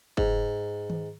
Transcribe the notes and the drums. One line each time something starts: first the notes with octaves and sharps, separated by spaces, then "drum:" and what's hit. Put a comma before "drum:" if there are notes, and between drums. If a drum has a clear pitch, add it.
G#2, drum: kick F#1
drum: tom D#3